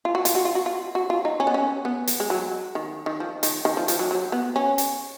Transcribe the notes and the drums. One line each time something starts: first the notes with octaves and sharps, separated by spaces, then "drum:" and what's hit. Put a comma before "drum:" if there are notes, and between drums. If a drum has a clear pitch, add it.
F4
F#4
F4, drum: hi-hat
F#4
F4
F#4
F4
F#4
F4
D#4
C#4
B3
C#4
B3
drum: hi-hat
G#3
F#3
D#3
D#3
F3
D#3, drum: hi-hat
D#3
F3
F3, drum: hi-hat
F#3
F#3
B3
C#4
drum: hi-hat